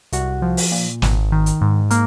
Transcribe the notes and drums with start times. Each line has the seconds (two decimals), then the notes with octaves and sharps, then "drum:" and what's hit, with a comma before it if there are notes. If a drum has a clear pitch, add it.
0.13 C2 F#4, drum: hi-hat
0.42 F3
0.57 drum: open hi-hat
0.72 A#2
1.02 G#1, drum: snare
1.32 D#3
1.46 drum: hi-hat
1.61 G#2
1.91 A#3 A#4, drum: hi-hat